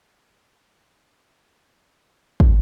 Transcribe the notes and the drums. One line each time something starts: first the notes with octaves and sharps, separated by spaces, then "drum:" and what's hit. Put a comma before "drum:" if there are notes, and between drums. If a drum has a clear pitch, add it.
C#4 D4 E4 G4 B4
drum: kick